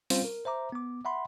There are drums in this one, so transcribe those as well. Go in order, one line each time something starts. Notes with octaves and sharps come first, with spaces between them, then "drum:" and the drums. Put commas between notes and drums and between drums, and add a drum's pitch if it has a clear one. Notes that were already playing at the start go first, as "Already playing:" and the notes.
G3 C4 C#4 F4 C5 F5, drum: open hi-hat
A#4
C5 E5 A#5 D6
B3 D6
E5 F#5 B5 C6